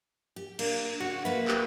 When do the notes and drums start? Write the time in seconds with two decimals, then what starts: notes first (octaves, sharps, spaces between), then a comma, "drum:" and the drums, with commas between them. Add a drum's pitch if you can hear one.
0.36 G4
0.59 A#3 D4, drum: cymbal
1.00 C#3 F#4
1.25 A#3 B4 E5
1.48 G4, drum: clap